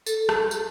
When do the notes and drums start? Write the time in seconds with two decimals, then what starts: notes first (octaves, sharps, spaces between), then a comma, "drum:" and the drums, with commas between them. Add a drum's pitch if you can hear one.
0.07 A4, drum: tambourine
0.29 drum: rim click
0.51 drum: tambourine